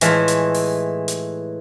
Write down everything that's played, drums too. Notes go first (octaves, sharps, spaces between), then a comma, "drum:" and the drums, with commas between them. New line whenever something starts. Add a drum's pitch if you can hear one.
A2 E3 G#3 A3 F4 E5, drum: hi-hat
drum: hi-hat
drum: open hi-hat
drum: hi-hat